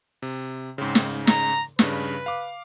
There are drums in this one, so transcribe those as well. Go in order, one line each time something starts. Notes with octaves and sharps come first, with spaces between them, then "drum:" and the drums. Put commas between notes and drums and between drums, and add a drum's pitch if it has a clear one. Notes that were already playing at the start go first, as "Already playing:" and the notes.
C3
G#2 C#3 C4
drum: snare
A#5, drum: snare
G2 C#3 B4, drum: snare
F5 D6